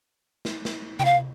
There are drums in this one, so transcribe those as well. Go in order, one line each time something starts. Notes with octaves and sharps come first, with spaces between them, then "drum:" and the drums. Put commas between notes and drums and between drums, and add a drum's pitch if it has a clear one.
drum: snare
drum: snare
G5, drum: tom C3
F5